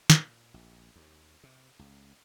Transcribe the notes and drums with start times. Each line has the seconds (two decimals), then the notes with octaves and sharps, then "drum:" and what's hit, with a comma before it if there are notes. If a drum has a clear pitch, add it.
0.10 A#2, drum: snare
0.54 A#1
0.96 D#2
1.43 C3
1.79 C#2